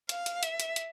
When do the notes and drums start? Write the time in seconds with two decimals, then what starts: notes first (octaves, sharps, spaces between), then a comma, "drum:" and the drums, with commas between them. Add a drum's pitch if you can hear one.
0.09 F5, drum: hi-hat
0.26 drum: hi-hat
0.43 E5, drum: hi-hat
0.60 drum: hi-hat
0.76 drum: hi-hat